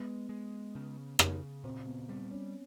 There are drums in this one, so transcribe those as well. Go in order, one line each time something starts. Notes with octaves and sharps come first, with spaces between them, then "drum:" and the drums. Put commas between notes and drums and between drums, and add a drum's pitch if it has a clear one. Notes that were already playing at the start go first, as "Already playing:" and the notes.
Already playing: G#3 B3
G#3
C#3
C#3, drum: rim click
A#2 C4
B3
G3 C4
C#4